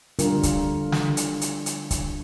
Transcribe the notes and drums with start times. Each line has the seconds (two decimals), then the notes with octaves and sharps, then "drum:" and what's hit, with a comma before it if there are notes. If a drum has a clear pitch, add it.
0.19 D3 G3 D4 F4 A#4, drum: hi-hat
0.43 drum: kick C#1, hi-hat
0.92 drum: snare
1.17 drum: hi-hat
1.41 drum: hi-hat
1.66 drum: hi-hat
1.91 drum: kick C#1, hi-hat